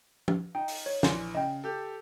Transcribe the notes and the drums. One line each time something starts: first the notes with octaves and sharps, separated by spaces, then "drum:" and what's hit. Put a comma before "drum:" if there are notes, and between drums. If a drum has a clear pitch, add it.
drum: tom
D#4 G5
drum: open hi-hat
C#5
A#1 E3 G#5 C6 C#7, drum: snare
C#3 D#5 G5
G4 A4